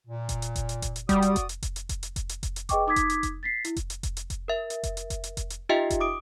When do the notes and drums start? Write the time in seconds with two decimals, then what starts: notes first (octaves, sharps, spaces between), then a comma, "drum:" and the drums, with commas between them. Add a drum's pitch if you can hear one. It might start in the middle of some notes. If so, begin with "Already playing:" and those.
0.07 A#2
0.29 drum: kick F1, hi-hat
0.42 drum: hi-hat
0.56 drum: kick F1, hi-hat
0.69 drum: hi-hat
0.82 drum: kick F1, hi-hat
0.96 drum: hi-hat
1.09 G3 F#4 D5 D#6, drum: kick F1, hi-hat
1.22 drum: hi-hat
1.36 drum: kick F1, hi-hat
1.49 drum: hi-hat
1.63 drum: kick F1, hi-hat
1.76 drum: hi-hat
1.89 drum: kick F1, hi-hat
2.03 drum: hi-hat
2.16 drum: kick F1, hi-hat
2.29 drum: hi-hat
2.43 drum: kick F1, hi-hat
2.56 drum: hi-hat
2.69 G#4 B4 D#5 G5 C#6 D6, drum: kick F1, hi-hat
2.87 D#4 D6 D#6 G#6 B6
2.96 drum: kick F1, hi-hat
3.10 drum: hi-hat
3.23 drum: kick F1, hi-hat
3.43 A6 B6 C7
3.65 E4, drum: hi-hat
3.76 drum: kick F1, hi-hat
3.90 drum: hi-hat
4.03 drum: kick F1, hi-hat
4.17 drum: hi-hat
4.30 drum: kick F1, hi-hat
4.48 A#4 E5
4.70 drum: hi-hat
4.83 drum: kick F1, hi-hat
4.97 drum: hi-hat
5.10 drum: kick F1, hi-hat
5.24 drum: hi-hat
5.37 drum: kick F1, hi-hat
5.50 drum: hi-hat
5.69 D#4 F4 G4 D#5 E5 G5
5.90 drum: kick F1, hi-hat
6.00 D6 D#6 D7